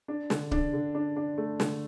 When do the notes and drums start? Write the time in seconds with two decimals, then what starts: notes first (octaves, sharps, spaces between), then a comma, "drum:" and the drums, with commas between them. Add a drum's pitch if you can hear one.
0.08 D4
0.30 D3, drum: snare
0.51 D4, drum: kick C#1
0.73 D3
0.95 D4
1.16 D4
1.38 A3
1.60 D3, drum: snare